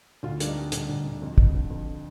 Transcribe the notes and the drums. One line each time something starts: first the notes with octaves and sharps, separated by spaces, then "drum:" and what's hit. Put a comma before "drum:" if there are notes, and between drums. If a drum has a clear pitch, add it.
D2 F4
G3 D4, drum: hi-hat
D#4
G3
D2, drum: hi-hat
D2
D2
F2
F2, drum: kick
D3
F2